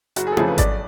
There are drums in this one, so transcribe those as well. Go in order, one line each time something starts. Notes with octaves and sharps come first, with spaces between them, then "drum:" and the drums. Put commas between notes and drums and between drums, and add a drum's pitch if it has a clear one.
F#1 F#4, drum: hi-hat
G#4
A4
F2 C#3 F3 G#4, drum: tom E4
B4
B1 D5, drum: kick G#1, hi-hat